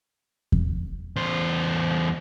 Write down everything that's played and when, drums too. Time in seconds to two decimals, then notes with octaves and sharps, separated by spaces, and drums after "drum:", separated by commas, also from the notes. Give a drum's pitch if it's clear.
0.52 drum: kick E2
1.16 E2 C5